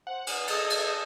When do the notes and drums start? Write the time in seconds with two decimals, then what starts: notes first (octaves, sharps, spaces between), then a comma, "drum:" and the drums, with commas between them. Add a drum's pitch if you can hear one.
0.07 C5 F#5
0.27 G#5, drum: cymbal
0.47 G#4 A4 D#5 A5, drum: cymbal
0.70 drum: cymbal